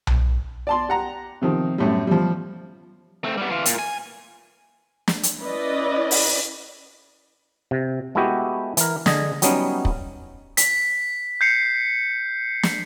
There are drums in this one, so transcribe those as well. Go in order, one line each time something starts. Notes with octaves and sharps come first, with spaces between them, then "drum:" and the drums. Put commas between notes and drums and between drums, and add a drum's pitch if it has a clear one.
drum: tom B1
D5 A5 C6
G4 F#5 A#5
C3 D#3 F3
F#2 A2 G3
F3 G3
A3 C4
G3 B3
E3 F4
A#2, drum: hi-hat
G#5
drum: snare
drum: hi-hat
C#4 E4 B4 D5 D#5
drum: open hi-hat
C3
G#3 A3 B3 E4 F#4 G4
E3 A#4, drum: hi-hat
D3 G#4 D#5, drum: snare
F#3 G3 B3 C#4 D#4, drum: hi-hat
drum: kick
B6, drum: hi-hat
G6 C7 C#7
drum: snare